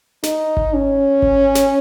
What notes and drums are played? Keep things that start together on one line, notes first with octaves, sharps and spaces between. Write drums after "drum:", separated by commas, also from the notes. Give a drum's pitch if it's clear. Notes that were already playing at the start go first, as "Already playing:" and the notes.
D#4, drum: snare
drum: kick G#1
C#4
drum: kick G#1
drum: snare